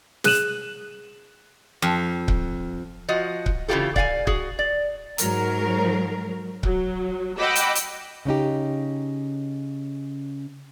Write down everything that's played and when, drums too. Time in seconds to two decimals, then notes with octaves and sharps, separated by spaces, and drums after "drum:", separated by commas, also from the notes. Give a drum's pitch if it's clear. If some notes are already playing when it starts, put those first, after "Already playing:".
0.24 G#4 F#6 D#7 E7 F#7, drum: snare
1.82 F2
2.28 drum: kick C#1
3.09 F3 F#4 D#5
3.46 drum: kick C#1
3.68 C#3 E3 F#3 F4 G4 A4
3.96 D5 F5 F#5 G#5, drum: kick C#1
4.27 F#4 G#4, drum: kick C#1
4.59 D5
5.18 G#2 F#3 A#4, drum: hi-hat
6.63 F#3, drum: kick C#1
7.39 D#5 F#5 G5 B5 D6 E6
7.56 drum: hi-hat
7.75 drum: hi-hat
8.25 C#3 C#4 D#4 G4